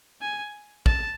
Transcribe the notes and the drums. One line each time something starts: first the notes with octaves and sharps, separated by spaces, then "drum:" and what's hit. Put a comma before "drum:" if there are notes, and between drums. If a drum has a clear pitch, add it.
G#5
A5, drum: kick